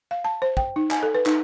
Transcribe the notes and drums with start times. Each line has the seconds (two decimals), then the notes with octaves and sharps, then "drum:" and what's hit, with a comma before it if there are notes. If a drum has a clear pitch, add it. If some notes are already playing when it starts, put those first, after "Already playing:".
0.11 F5
0.24 A5
0.42 C5
0.57 G5, drum: kick
0.76 D#4
0.91 G#5, drum: clap
1.03 A4
1.15 B4
1.26 D#4, drum: clap